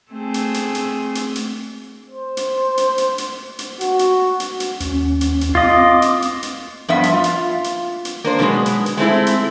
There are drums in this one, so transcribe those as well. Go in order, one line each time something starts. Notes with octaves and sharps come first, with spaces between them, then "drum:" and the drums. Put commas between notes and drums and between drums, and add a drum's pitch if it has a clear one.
A3 C4 G#4
drum: hi-hat
drum: hi-hat
drum: hi-hat
drum: hi-hat
drum: hi-hat
C5
drum: hi-hat
drum: hi-hat
drum: hi-hat
drum: hi-hat
drum: hi-hat
F#4, drum: hi-hat
drum: hi-hat
drum: hi-hat
drum: hi-hat
D#2 C#4, drum: hi-hat
drum: hi-hat
drum: hi-hat
C4 F4 D#5 D6
drum: hi-hat
drum: hi-hat
drum: hi-hat
G2 F3 B3 E5
drum: hi-hat
F4
drum: hi-hat
drum: hi-hat
drum: hi-hat
A#3 D4 C5
B2 D3 F#3 G#3 B3
drum: hi-hat
drum: hi-hat
G#3 A3 C4 E4
drum: hi-hat